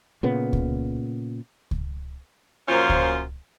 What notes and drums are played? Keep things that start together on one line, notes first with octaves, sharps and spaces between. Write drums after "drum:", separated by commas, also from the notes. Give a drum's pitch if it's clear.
A#2 C#3 B3
drum: kick C#2
drum: kick C#2
F#2 A#2 F3 C#4 F4 C5
drum: kick C#2